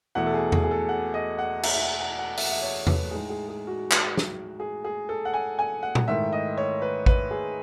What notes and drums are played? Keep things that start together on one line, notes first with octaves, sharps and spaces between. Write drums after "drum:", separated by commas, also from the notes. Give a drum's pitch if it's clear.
E2 B2 A3 E4 F#5
A4
G#4
G#4, drum: tom E2
G#4
A4
F#5
D#5
F#5
E5, drum: cymbal
E5
F#5
F#5
F#5
E5, drum: open hi-hat
F#5
E5
C#5
B4, drum: tom E2
A2 G#3 D#4 G#4
G#4
G#4
F#4
drum: clap
drum: snare
G#4
G#4
A4
F#5
G#5
G#5
F#5
drum: tom A#2
G#2 D#3 A3 E4 E5
D#5
C#5
B4
B4, drum: kick A1
G#4